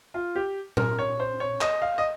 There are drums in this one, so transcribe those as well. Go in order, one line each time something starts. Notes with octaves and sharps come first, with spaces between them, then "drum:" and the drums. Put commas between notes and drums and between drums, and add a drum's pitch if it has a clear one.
F4
G4
A#4, drum: tom A#2
C#5
C5
C#5
D#5, drum: clap
F5
D#5